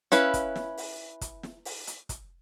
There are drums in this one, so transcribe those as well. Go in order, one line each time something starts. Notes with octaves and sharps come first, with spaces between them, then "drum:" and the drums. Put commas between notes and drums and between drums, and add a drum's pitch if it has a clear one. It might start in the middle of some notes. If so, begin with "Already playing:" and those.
C#4 E4 B4 F5, drum: hi-hat
drum: kick, hi-hat
drum: snare
drum: open hi-hat
drum: kick, hi-hat
drum: snare
drum: open hi-hat
drum: hi-hat
drum: kick, hi-hat